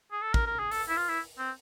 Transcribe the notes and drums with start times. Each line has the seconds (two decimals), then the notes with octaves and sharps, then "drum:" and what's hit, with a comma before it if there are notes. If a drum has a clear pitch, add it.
0.12 G#4
0.22 A4
0.34 A#4, drum: kick
0.47 A#4
0.59 G#4
0.71 A4, drum: open hi-hat
0.89 E4
0.97 F4
1.09 E4
1.38 C4